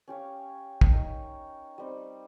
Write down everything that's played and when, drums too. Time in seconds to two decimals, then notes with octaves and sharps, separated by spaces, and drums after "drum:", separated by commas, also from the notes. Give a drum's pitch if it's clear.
0.08 C#4 G4 C#5 F5
0.81 drum: kick
0.92 D#4 A#4 C#5
1.78 G3 C4 D#4